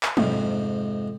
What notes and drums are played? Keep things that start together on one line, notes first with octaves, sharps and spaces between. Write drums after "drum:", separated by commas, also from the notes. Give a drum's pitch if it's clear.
drum: clap
F2 G#2 C3, drum: tom